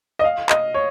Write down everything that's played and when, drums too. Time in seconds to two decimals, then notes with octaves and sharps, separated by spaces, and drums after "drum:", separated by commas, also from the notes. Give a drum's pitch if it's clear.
0.19 D#5
0.24 F5
0.49 D#5, drum: clap
0.74 C#5